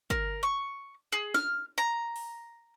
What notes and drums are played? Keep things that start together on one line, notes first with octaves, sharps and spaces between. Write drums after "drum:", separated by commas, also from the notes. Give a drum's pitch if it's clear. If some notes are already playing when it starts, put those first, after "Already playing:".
A#4, drum: kick
C#6
G#4
F6, drum: snare
A#5
drum: open hi-hat